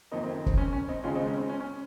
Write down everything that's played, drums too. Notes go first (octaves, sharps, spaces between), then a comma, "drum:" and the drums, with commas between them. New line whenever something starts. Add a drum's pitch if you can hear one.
F#1 F2 D#3 A#3 C4 D#4
C4
C4, drum: kick
C#4
C#4
C4 D#4
D#2 C#3 G#3 C#4 F4
C4 D#4
C#4
C4
C#4
C#4